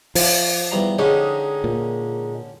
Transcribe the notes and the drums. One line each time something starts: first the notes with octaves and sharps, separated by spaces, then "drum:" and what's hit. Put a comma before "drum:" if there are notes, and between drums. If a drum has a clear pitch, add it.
F3, drum: open hi-hat
E2 G3 A#5
D3 G#3 C#4 D#4 G4
A#2